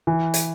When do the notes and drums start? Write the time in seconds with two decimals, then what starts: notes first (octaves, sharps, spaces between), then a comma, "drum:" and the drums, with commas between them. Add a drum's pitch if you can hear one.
0.07 E3
0.34 drum: hi-hat